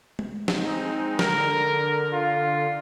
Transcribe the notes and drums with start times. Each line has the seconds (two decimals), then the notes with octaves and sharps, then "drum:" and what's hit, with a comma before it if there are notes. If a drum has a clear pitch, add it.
0.19 drum: tom G#3
0.48 G#3 C4 D#4, drum: snare
1.19 D3 A#4, drum: snare
2.12 F4